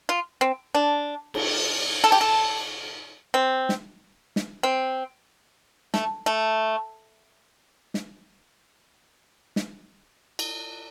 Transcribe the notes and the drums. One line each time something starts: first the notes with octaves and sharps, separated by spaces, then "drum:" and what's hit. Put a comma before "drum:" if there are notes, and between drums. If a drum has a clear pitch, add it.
F4
C4
D4
drum: cymbal
A4
G4
A4
C4
drum: snare
drum: snare
C4
A3, drum: snare
A3
drum: snare
drum: snare
drum: cymbal